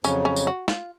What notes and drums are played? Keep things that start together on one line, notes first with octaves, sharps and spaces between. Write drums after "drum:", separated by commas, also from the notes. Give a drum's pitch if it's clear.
F2 C#3 F#3 C#4, drum: tambourine
C#4
drum: tambourine
F#4
F4, drum: snare